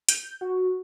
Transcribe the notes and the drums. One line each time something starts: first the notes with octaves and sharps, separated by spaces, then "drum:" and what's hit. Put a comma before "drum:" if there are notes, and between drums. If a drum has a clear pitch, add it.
G6, drum: hi-hat
F#4